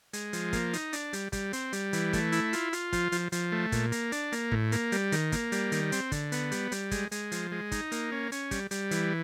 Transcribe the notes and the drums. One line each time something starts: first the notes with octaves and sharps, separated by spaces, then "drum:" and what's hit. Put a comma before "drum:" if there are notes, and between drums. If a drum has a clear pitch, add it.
G#3, drum: hi-hat
F3, drum: hi-hat
A#3, drum: kick, hi-hat
D#4, drum: hi-hat
D4, drum: hi-hat
G3, drum: hi-hat
G3, drum: kick, hi-hat
C4, drum: hi-hat
G3, drum: hi-hat
E3, drum: hi-hat
A3, drum: kick, hi-hat
E4, drum: hi-hat
F4, drum: hi-hat
F4, drum: hi-hat
F3, drum: kick, hi-hat
F3, drum: hi-hat
F3, drum: hi-hat
A3
A#2, drum: kick, hi-hat
A#3, drum: hi-hat
D4, drum: hi-hat
A#3, drum: hi-hat
A2, drum: kick
A#3, drum: hi-hat
G3, drum: hi-hat
D#3, drum: hi-hat
A#3, drum: kick, hi-hat
G3, drum: hi-hat
D#3, drum: hi-hat
C4, drum: hi-hat
D3, drum: kick, hi-hat
B3, drum: hi-hat
G3, drum: hi-hat
G3, drum: hi-hat
G#3, drum: kick, hi-hat
G#3, drum: hi-hat
F3, drum: hi-hat
G#3
D#4, drum: kick, hi-hat
A#3, drum: hi-hat
C#4
C#4, drum: hi-hat
G3, drum: kick, hi-hat
G3, drum: hi-hat
E3, drum: hi-hat